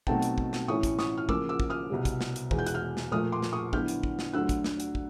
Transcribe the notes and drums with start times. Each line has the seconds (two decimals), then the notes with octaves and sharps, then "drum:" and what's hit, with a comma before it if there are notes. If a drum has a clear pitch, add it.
0.07 B2 F#3 A3 C4 D#4 G5 A5, drum: kick
0.22 drum: hi-hat
0.38 drum: kick
0.53 drum: snare
0.68 A2 E3 A3 C#4 E4 C#6 D#6
0.83 drum: kick, hi-hat
0.99 C#6 D#6, drum: snare
1.18 F6
1.29 C#3 F3 A#3 D6 E6, drum: kick
1.49 D6 E6
1.60 drum: kick
1.70 D#6 F6
1.90 C2 B2 G3
2.05 drum: kick, hi-hat
2.21 drum: snare
2.36 drum: hi-hat
2.51 E2 B2 G#3, drum: kick
2.59 G6
2.66 F#6, drum: hi-hat
2.74 F6 G6
2.97 drum: snare
3.12 A#2 F3 A3 D#6 F6
3.32 C6 D6
3.42 drum: snare
3.53 C#6 D#6
3.73 D3 F#3 B3 E4 F6 G6, drum: kick
3.88 drum: hi-hat
4.03 drum: kick
4.19 drum: snare
4.33 D2 D3 F#3 E6 F#6
4.49 drum: kick, hi-hat
4.64 drum: snare
4.80 drum: hi-hat
4.95 drum: kick